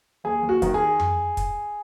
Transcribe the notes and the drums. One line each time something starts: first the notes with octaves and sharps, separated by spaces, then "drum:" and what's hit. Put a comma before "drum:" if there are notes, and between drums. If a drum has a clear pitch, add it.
D#2 G#4
D#2
F#4
D#3, drum: kick, hi-hat
G#4
drum: tom F2
drum: kick, hi-hat